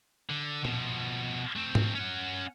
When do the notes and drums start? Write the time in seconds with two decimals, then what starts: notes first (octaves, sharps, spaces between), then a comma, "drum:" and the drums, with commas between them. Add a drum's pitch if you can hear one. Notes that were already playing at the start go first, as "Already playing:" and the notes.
0.30 D3
0.65 B2 F3, drum: tom A#2
1.56 A3 C4
1.75 drum: tom G#2
1.95 C#4 F#5